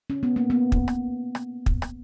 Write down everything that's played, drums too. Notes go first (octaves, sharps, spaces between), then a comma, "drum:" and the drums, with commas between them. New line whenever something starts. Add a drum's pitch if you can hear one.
C#4
B3
A#3
B3
drum: kick
drum: rim click
drum: rim click
drum: kick
drum: rim click